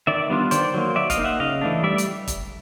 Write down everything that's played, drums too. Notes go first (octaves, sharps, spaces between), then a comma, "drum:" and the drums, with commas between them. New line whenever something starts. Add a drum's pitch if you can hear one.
D#3 D5 E5
G3 B3 D4 F4
D#3 C5 D5, drum: hi-hat
F#3 A#3
F#3 D5 E5
D#5 F5, drum: kick, hi-hat
A#3 D#4
E5 F#5
C#3 D#5 F5
E3 A3 D4
G3 D5 E5
drum: hi-hat
drum: kick, hi-hat